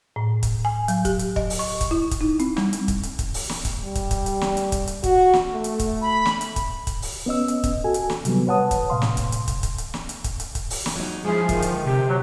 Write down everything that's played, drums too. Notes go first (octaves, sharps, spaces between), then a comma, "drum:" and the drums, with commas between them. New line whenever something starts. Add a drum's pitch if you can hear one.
A2
drum: kick, hi-hat
G#5
F#3, drum: hi-hat
G4, drum: kick, hi-hat
drum: hi-hat
D#5, drum: kick
drum: open hi-hat
C#6
drum: kick, hi-hat
E4
drum: kick, hi-hat
D#4
C4, drum: hi-hat
G3, drum: snare
drum: hi-hat
drum: kick, hi-hat
drum: hi-hat
drum: kick, hi-hat
drum: open hi-hat
drum: snare
drum: kick, hi-hat
G3
drum: kick, hi-hat
drum: kick, hi-hat
drum: hi-hat
drum: snare
drum: hi-hat
drum: kick, hi-hat
drum: hi-hat
F#4, drum: kick, hi-hat
drum: snare
A3
drum: hi-hat
drum: kick, hi-hat
B5
drum: snare
drum: hi-hat
drum: kick, hi-hat
drum: kick, hi-hat
drum: open hi-hat
B3 C#4 D#5 E6
drum: hi-hat
drum: kick, hi-hat
F#4 A4 G#5
drum: hi-hat
drum: snare
C3 D#3 F#3 G3 B3, drum: hi-hat
B4 C#5 F#5 A5 D#6
drum: kick, hi-hat
A2 C3 F5 C6
drum: snare
drum: kick, hi-hat
drum: hi-hat
drum: kick, hi-hat
drum: kick, hi-hat
drum: hi-hat
drum: snare
drum: hi-hat
drum: kick, hi-hat
drum: hi-hat
drum: kick, hi-hat
drum: open hi-hat
drum: snare
F#3 D#4
F3 G#3 C#4 E4 G#4
D3 D#3 D#4, drum: kick, hi-hat
drum: hi-hat
C3 G4
F#3